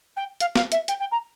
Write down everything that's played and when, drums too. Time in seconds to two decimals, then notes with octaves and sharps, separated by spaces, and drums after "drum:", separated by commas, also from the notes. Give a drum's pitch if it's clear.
0.16 G5
0.40 F5, drum: hi-hat
0.56 F5, drum: snare
0.72 E5, drum: hi-hat
0.88 G5, drum: hi-hat
0.99 G5
1.11 A#5